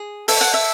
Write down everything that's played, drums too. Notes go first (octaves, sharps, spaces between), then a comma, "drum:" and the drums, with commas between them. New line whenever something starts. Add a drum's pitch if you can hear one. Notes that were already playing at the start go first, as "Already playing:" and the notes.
Already playing: G#4
A4 E5, drum: open hi-hat
F#5
E5